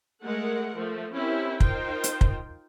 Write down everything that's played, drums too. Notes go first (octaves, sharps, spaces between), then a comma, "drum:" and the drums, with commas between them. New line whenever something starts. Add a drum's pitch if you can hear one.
G#3 A3 A#4 F#5
F3 A3
C4 C#4 E4 G4 A#4
D#4 F4 A#4 C5 G5, drum: kick
drum: hi-hat
drum: kick